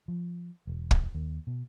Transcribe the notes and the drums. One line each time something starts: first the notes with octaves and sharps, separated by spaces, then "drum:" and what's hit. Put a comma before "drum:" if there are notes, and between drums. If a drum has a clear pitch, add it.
F3
E1
drum: kick
D#2
B2